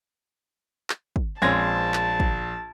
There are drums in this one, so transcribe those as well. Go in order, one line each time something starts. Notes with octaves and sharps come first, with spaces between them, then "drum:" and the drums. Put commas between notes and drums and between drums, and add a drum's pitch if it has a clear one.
drum: clap
drum: kick
A#1 G#3 C4 C#4 A5 G#6 A#6
drum: clap
drum: kick